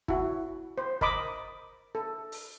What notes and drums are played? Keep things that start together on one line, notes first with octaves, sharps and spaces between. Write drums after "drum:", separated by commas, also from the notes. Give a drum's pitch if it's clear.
E4 F#4, drum: kick G1
C5
A#4 D#5 B5 D6 D#6, drum: kick G1
A4
drum: open hi-hat